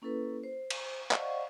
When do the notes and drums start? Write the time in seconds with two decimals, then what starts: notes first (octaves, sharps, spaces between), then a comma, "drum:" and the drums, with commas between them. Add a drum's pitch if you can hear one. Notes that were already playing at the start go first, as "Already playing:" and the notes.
0.02 A#3 C#4 E4 A4 B4
0.44 C5
0.70 drum: cymbal
1.11 C5 D5 D#5 F5 F#5 C#6, drum: clap